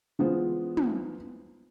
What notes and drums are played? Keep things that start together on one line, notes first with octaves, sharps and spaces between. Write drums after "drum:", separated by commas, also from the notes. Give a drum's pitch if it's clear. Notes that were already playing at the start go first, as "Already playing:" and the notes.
E3 G#3 B3 F4 C5
drum: tom